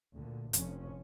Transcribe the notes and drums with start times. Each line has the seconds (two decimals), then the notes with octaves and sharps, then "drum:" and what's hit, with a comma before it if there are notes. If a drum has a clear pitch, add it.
0.15 D2 A#2 D3
0.53 F1 F2 F3 C#4, drum: hi-hat